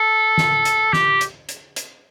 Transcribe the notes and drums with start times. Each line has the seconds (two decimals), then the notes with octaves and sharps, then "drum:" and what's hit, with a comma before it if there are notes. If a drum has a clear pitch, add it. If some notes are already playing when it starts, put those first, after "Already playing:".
Already playing: A4
0.38 drum: snare
0.65 drum: hi-hat
0.93 G4, drum: snare
1.21 drum: hi-hat
1.49 drum: hi-hat
1.76 drum: hi-hat